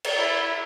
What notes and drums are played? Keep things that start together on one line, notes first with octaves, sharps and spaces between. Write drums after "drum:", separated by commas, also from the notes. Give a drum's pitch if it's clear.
drum: cymbal
E4